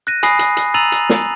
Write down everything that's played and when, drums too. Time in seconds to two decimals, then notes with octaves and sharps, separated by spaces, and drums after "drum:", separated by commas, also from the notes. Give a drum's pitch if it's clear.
0.07 F#6 A#6 D#7
0.23 G#5 B5 D#6 A#6 C7, drum: hi-hat
0.39 drum: hi-hat
0.57 drum: hi-hat
0.74 A#5 E6 A6 D#7 F7 F#7
0.92 drum: hi-hat
1.10 drum: snare